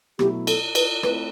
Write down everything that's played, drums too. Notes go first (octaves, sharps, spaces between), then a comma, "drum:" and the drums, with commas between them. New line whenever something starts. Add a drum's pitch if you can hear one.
B2 F#3 A3 E4 G4, drum: rim click
A4, drum: cymbal
B4, drum: cymbal
A3 C4 E4 B4, drum: rim click